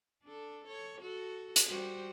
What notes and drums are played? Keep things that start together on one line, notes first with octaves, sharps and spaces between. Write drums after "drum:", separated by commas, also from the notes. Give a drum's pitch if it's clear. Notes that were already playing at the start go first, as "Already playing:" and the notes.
D4 A4
A4 C#5
F#4 A4
drum: hi-hat
G3 F#4 C5